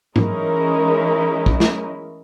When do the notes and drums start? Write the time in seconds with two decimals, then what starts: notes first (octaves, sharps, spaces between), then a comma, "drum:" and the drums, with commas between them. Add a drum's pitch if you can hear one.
0.16 E3 G#3 C#4 D#4 E4 A#4, drum: tom G#2
1.46 drum: kick
1.60 drum: snare